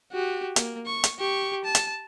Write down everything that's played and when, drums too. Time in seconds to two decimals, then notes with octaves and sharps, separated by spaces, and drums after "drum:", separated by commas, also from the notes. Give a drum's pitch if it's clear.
0.12 F#4 G4
0.56 A#3, drum: hi-hat
0.86 C#6
1.04 drum: hi-hat
1.19 G4 C#6
1.65 A5
1.75 drum: hi-hat